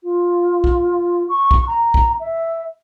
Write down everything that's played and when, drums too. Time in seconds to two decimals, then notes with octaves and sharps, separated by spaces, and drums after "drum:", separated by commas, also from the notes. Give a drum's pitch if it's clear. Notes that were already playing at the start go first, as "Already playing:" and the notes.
0.03 F4
0.64 drum: kick
1.29 C#6
1.51 drum: kick
1.67 A#5
1.94 drum: kick
2.20 E5